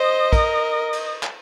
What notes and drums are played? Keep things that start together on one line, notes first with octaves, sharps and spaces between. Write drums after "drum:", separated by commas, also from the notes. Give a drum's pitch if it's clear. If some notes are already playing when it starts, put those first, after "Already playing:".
Already playing: C5 D#5
A#4, drum: kick, cymbal
drum: cymbal
drum: clap